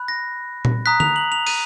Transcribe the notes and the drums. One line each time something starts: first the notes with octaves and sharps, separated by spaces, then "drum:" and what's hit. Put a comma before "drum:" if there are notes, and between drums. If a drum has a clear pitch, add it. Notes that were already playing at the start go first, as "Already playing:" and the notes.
Already playing: B5 F#6
A#6
drum: tom A#2
A#5 D#6 F#6 B6
F7, drum: tom D3
F#7
F7
D#7, drum: open hi-hat